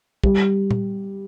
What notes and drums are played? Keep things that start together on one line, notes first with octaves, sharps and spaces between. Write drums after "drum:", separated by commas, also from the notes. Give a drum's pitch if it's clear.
G3, drum: kick
drum: tom A#2